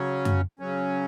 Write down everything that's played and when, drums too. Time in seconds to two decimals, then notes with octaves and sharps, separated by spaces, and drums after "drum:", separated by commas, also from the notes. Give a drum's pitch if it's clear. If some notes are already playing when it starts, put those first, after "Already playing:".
Already playing: C#3 F#3 C#4
0.25 drum: tom F#2
0.59 C#3 F#3 C#4